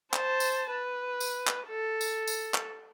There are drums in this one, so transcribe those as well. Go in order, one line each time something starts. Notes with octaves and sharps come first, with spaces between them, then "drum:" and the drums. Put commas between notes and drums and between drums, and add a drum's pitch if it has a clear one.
C5 A5, drum: clap
drum: tambourine
B4
drum: tambourine
drum: clap
A4
drum: tambourine
drum: tambourine
drum: clap